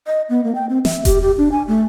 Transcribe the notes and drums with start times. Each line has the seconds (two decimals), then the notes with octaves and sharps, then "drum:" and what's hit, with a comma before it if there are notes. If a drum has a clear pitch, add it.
0.07 D#5
0.29 B3
0.44 A#3
0.55 G5
0.69 C4
0.85 E5, drum: snare
1.05 G4, drum: kick E1, hi-hat
1.22 G4
1.38 D4
1.52 G#5
1.68 A3